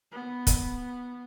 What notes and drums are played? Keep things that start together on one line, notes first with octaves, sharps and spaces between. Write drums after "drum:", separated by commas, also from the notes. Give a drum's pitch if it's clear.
B3
drum: kick, hi-hat